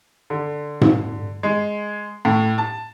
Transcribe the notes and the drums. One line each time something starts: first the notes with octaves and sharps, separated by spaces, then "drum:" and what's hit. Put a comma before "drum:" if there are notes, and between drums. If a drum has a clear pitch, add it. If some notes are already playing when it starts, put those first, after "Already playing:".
D3
drum: tom G#2
G#3
A2
A5